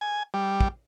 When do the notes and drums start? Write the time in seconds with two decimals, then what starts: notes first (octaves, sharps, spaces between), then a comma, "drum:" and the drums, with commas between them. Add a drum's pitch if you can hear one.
0.01 G#5
0.34 G3
0.61 drum: kick